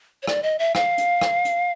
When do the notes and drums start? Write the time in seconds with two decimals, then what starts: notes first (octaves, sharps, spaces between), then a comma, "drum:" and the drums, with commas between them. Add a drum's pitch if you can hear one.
0.23 C#5
0.27 D5, drum: rim click
0.43 D#5
0.59 E5
0.75 F5, drum: rim click
0.98 drum: hi-hat
1.21 drum: rim click
1.45 drum: hi-hat